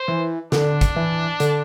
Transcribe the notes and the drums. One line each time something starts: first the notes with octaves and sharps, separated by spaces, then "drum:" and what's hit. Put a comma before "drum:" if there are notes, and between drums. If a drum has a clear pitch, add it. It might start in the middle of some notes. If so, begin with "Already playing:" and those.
Already playing: C5
E3
D3 D4, drum: snare
drum: kick, hi-hat
E3
D3, drum: hi-hat